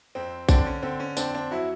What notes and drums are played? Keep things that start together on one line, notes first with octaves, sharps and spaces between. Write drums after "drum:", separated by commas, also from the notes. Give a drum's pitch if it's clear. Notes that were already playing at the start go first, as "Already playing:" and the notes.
F2 C4
D3 C4 D4, drum: kick A#1, tambourine
C#4
D3 C4
C#4
F2 C4 D4, drum: tambourine
C4 D4
F#3 E4 F#4